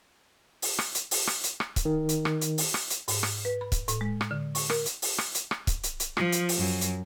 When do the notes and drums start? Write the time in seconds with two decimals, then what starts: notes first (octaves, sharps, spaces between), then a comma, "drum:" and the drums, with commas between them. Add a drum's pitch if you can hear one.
0.62 drum: open hi-hat
0.79 drum: rim click
0.95 drum: hi-hat
1.11 drum: open hi-hat
1.27 drum: rim click
1.44 drum: hi-hat
1.60 drum: rim click
1.76 drum: kick, hi-hat
1.85 D#3
2.09 drum: hi-hat
2.25 drum: rim click
2.41 drum: hi-hat
2.58 drum: open hi-hat
2.74 drum: rim click
2.90 drum: hi-hat
3.08 G#2, drum: open hi-hat
3.23 drum: rim click
3.45 B4
3.61 B5
3.72 drum: kick, hi-hat
3.88 A2, drum: hi-hat
4.01 G#3
4.21 drum: rim click
4.31 D3
4.55 C#6, drum: open hi-hat
4.70 A#4, drum: rim click
4.86 drum: hi-hat
5.02 drum: open hi-hat
5.18 drum: rim click
5.35 drum: hi-hat
5.51 drum: rim click
5.67 drum: kick, hi-hat
5.84 drum: hi-hat
6.00 drum: hi-hat
6.17 F3, drum: rim click
6.32 drum: hi-hat
6.49 drum: open hi-hat
6.58 F#2
6.81 drum: hi-hat